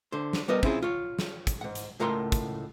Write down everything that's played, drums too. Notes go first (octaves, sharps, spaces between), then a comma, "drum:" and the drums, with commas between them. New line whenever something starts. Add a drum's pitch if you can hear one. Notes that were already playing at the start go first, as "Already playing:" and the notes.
D3 C5
drum: snare
G3 B3 A#4 D#5
C4 C#4 E4 F4 G#4, drum: kick
F4 C#5
drum: snare
drum: kick, hi-hat
G#2 F#5
drum: hi-hat
C#2 A2 A#4 F#5 A#5 C6
drum: kick, hi-hat